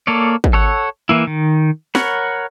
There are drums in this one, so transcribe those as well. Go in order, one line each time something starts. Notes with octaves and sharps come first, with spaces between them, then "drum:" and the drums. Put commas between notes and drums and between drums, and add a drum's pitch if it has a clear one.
A#3 A4 C#5 D5
drum: kick
A4 C#5 F#5
E3 A#3 E4
D#3
A#4 C#5 F#5 B5, drum: snare